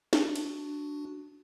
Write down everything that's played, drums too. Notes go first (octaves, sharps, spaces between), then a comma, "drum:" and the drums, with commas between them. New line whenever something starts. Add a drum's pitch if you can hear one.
D4 F#4, drum: snare
drum: cymbal